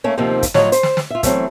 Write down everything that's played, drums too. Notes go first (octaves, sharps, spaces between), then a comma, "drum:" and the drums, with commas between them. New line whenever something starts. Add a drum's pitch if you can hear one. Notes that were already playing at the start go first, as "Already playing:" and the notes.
A3 A#3 C#4
D#2 C3 D#3 F3 A#3 C4
drum: kick, hi-hat
A2 F3 F#3 F4 C#5 D#5, drum: snare
C5, drum: hi-hat
drum: snare
drum: snare
F4 E5
E3 F#3 A3 C4, drum: kick, hi-hat